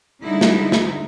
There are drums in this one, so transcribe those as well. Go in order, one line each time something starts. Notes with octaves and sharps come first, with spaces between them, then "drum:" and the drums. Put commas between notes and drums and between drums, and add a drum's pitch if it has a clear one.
D3 G3 G#3 D#4 E4
drum: snare
drum: snare